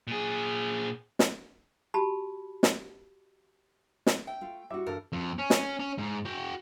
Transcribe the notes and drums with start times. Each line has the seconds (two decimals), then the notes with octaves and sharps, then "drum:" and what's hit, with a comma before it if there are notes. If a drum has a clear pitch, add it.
0.07 A#2 G#4
1.19 drum: snare
1.94 F#4 G4 A5 B5
2.63 drum: snare
4.06 drum: snare
4.27 E5 G5
4.41 A3 F4
4.70 G3 E4 F#4 E5 D6
4.86 E2 G2 A4 A#4
5.13 F2
5.39 C#4
5.50 drum: snare
5.80 C#4
5.98 G#2
6.25 F#4 G5